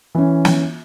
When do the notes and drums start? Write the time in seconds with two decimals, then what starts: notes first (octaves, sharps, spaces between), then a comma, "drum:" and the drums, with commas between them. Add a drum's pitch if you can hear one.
0.15 E3 C#4
0.45 drum: snare